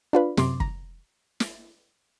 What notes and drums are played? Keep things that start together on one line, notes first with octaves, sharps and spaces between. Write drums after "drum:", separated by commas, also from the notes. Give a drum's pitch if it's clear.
D4 F4 B4
F#2 C3 C6 D6, drum: snare
A#5, drum: kick
drum: snare